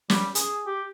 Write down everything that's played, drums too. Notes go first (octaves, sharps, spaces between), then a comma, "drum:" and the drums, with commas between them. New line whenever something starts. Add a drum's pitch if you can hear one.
G3, drum: snare
G#4, drum: hi-hat
G4